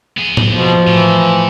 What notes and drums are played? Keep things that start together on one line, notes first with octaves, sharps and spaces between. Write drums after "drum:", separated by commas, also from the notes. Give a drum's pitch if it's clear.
B3 G#4
drum: tom
B2 F3
A2 E3